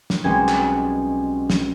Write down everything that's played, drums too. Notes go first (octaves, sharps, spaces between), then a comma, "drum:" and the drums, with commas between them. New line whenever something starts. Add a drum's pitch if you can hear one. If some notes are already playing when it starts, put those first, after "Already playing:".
drum: snare
B1 G3 G#3 C4 C#4 G#6
drum: clap
drum: snare